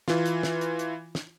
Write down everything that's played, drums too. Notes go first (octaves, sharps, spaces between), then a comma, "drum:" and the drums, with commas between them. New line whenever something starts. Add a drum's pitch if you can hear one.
E3 F4, drum: snare
drum: hi-hat
drum: snare
drum: hi-hat
drum: hi-hat
drum: snare